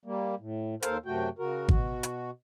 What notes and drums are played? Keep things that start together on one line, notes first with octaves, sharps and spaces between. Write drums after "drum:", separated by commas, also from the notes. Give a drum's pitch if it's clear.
G3 A#3
A2
D#2 A4 A#4 C5 F5, drum: hi-hat
F#2 C3 A3 F#4 G5
C#3 F#4 A#4
B2 F#4, drum: kick G#1
drum: hi-hat